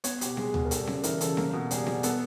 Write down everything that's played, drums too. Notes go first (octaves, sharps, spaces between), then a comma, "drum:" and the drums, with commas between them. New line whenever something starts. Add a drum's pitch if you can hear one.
B3 C#5, drum: hi-hat
B2 G4, drum: hi-hat
G#3 G#4, drum: snare C4
B2, drum: tom D2
A#4
G3 A4, drum: hi-hat
C#3, drum: snare C4
E3 A#4, drum: hi-hat
C#3 A4, drum: hi-hat
A#3, drum: snare C4
B2
G3 G#4, drum: hi-hat
B2, drum: snare C4
B3 A4, drum: hi-hat